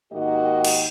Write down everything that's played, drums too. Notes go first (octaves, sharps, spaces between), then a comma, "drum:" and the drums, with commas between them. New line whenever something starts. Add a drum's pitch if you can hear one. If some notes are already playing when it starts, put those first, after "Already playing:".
G#2 D#3 A#3 F#4 G4 D#5
drum: cymbal